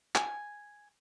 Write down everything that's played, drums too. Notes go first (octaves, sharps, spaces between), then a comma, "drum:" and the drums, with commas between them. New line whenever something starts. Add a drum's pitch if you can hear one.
G#5, drum: clap